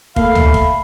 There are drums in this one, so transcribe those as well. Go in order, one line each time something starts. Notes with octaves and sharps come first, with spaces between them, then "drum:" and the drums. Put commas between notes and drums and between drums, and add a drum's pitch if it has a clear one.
A3 A#3 A4 F5 B5, drum: kick
drum: tom
drum: kick